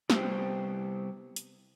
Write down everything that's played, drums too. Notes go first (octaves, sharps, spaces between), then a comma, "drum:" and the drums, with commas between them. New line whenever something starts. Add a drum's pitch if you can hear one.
C3 G3 B3 C4 G4 C5, drum: snare
drum: hi-hat